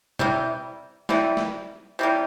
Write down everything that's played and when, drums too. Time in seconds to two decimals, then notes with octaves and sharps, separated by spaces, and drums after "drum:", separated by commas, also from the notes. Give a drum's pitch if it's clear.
0.19 C3 E3 G3, drum: tom B2
1.09 C3 E3 G3, drum: snare
1.37 drum: snare
1.99 C3 E3 G3